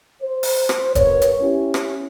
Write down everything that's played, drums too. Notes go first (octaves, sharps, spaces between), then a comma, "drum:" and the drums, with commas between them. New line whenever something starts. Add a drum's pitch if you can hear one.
C5
drum: open hi-hat
drum: rim click
G2 B3 A#4 B4 C#5, drum: kick E1, hi-hat
drum: hi-hat
C#4 E4 G4
drum: rim click